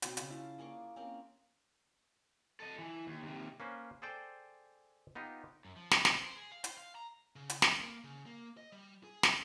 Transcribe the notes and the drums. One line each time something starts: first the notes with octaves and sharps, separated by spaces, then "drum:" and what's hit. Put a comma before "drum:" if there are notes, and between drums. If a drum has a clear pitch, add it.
B2 F#3 C4 C5, drum: hi-hat
C#3 F#3, drum: hi-hat
E4 F4 A5
A#3 G#4 D5 C#6
A#3 C4 C#4
A4 D#5
E3
D#2
D#2 C3
A#3 C#4 B4 C5
G#4 A4 C5 D5 G5
B3 D#4 F4 G4
F#2
F3
F#4, drum: snare
B2, drum: snare
C5
G#4
F5
C5, drum: hi-hat
F5
A#5
C#3
drum: hi-hat
G3, drum: snare
A#3
C#3
A#3
D#5
G3
G#4
G#4, drum: snare